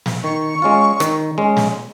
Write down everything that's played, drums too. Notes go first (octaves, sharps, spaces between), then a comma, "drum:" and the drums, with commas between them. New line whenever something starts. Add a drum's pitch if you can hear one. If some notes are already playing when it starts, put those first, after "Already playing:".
drum: snare
D#3 C#6
G#3 C#4 F4
D#3, drum: rim click
G#3 C#4
drum: snare